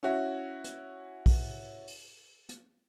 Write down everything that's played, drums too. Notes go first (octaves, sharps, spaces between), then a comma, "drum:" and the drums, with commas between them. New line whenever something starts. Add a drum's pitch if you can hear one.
C#4 E4 F#4
drum: hi-hat
drum: kick, open hi-hat
drum: open hi-hat
drum: hi-hat